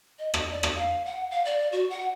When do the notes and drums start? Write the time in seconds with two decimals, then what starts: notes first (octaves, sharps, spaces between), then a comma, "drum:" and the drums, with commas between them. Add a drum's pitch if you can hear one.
0.19 D#5
0.34 drum: rim click
0.51 D5
0.63 drum: rim click
0.75 F5
1.06 F#5
1.31 F5
1.45 D5
1.72 F#4
1.90 F#5